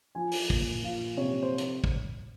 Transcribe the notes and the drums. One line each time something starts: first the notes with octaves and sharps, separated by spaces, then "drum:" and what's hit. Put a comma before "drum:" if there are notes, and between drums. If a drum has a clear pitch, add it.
F3 G#5
drum: open hi-hat
A#2, drum: kick
F3 F5
C3 C#5
C5
drum: hi-hat
drum: kick